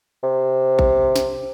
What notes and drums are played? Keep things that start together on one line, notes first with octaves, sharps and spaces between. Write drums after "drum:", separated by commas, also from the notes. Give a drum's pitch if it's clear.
C3
drum: kick A#1
drum: snare